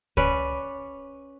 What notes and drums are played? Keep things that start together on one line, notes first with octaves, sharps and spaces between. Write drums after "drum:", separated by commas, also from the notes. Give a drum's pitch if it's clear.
C#4 B4 D5, drum: kick C#2